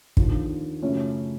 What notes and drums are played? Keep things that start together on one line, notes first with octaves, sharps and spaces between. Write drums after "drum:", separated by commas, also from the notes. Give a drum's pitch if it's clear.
D#2 D3 F3, drum: kick
F#2 C#3 F3 A3 C#4